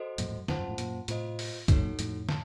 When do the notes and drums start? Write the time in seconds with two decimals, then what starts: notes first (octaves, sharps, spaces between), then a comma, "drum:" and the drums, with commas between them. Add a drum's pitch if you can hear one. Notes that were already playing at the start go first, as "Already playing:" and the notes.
Already playing: F#4 A4 C5 D#5
0.18 F#2 A#2, drum: hi-hat
0.28 F2 A2
0.38 F#2
0.48 F2 C#4 F4 C5 F#5 A5, drum: snare
0.59 F#2
0.68 F2 A2
0.78 F#2 A#2, drum: hi-hat
1.08 A2 C3 F4 C5 D#5, drum: hi-hat
1.39 drum: open hi-hat
1.68 F#2 A#2 D#4 F#4 A4 C#5, drum: kick, hi-hat
1.99 F2 A2, drum: hi-hat
2.29 A5, drum: snare